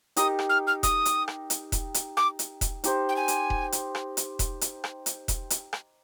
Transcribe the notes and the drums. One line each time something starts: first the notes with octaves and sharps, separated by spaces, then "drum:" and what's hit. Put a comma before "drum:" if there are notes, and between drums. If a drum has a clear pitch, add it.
D#4 G4 A#4 D#5 D#6, drum: hi-hat
drum: rim click
F6
F6
D#6, drum: kick E1, hi-hat
drum: hi-hat
drum: rim click
drum: hi-hat
drum: kick E1, hi-hat
drum: hi-hat
D6, drum: rim click
drum: hi-hat
drum: kick E1, hi-hat
D#4 G4 C5, drum: hi-hat
G5
G#5
drum: hi-hat
drum: kick E1
drum: hi-hat
drum: rim click
drum: hi-hat
drum: kick E1, hi-hat
drum: hi-hat
drum: rim click
drum: hi-hat
drum: kick E1, hi-hat
drum: hi-hat
drum: rim click